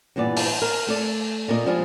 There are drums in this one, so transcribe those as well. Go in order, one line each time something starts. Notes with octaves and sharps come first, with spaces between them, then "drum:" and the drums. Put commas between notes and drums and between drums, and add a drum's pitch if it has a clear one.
G2 A#2 E3 B3 D5
drum: open hi-hat
A#4
A3 A4 D5
A#2 A#3 D4 B4 D#5
F3 G3 G#3 D4 F4 G#4